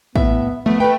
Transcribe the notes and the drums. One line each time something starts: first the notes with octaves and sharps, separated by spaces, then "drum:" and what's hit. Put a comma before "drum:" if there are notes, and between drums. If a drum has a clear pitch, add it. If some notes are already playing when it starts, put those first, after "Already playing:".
A2 B3 E5, drum: kick
F3 A3 B3
A4 B4 G5